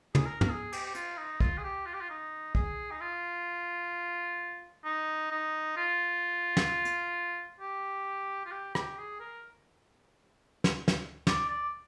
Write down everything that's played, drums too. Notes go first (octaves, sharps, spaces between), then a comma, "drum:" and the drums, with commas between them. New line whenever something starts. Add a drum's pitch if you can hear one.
G#4, drum: tom
A#4
A#4, drum: tom
G#4
G4, drum: cymbal
G4
F4, drum: hi-hat
D#4
F4, drum: kick
G#4
G4
F4
G4
F4
D#4
G#4, drum: kick
D#4
F4
D#4
D#4
F4
drum: snare
drum: hi-hat
G4
F4
G4
G4, drum: rim click
G#4
A#4
drum: snare
drum: snare
D5, drum: snare
D5